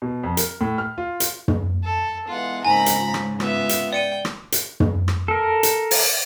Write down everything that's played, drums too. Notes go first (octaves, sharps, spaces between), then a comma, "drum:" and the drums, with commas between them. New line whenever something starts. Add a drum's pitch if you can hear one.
B2
F2
A#4, drum: hi-hat
A2
F6
F4
drum: hi-hat
drum: tom
A4
E3 G#3 B3 F4 F#5
G#2 C#3 A#3 C4 D#4 G#5 A#5 B5
drum: hi-hat
F3
drum: rim click
B3 F4 E5, drum: rim click
drum: hi-hat
D5 G5 C#7 D#7
drum: rim click
drum: hi-hat
drum: tom
drum: rim click
A4 A#4
drum: hi-hat
drum: open hi-hat